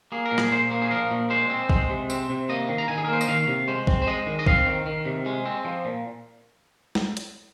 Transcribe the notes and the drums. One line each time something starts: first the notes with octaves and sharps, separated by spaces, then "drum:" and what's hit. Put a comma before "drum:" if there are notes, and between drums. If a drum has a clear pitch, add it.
A#3 G#4
A#4
A#2
G#4, drum: rim click
A#2 C5
A#3
G#4
F3 A#4
A#2
G#3 C5
C4
G#3, drum: kick
C3
C4, drum: tambourine
C3
A#3 D#5
D#3
A#5
D#3 G#5
G#4
A#4
A#3 C5
D#5, drum: tambourine
D#3 F5
C3
G#3 C5
C4, drum: kick
C5
G#3 D#5
D#3
D#5
C4 F5, drum: kick
D#3
D#3
C3
G#3
C4
F3
A#2
drum: snare
drum: hi-hat